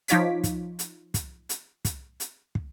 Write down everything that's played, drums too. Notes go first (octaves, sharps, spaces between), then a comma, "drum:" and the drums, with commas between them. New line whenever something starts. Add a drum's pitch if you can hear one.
F3 D#4 F4 C#5 D6 B6, drum: hi-hat
drum: kick, hi-hat
drum: hi-hat
drum: kick, hi-hat
drum: hi-hat
drum: kick, hi-hat
drum: hi-hat
drum: kick